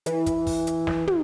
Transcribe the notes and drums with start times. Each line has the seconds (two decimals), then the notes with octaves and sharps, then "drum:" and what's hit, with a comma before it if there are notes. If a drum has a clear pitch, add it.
0.06 E3, drum: hi-hat
0.26 drum: kick, hi-hat
0.47 drum: kick, open hi-hat
0.67 drum: hi-hat
0.87 drum: snare
1.07 drum: tom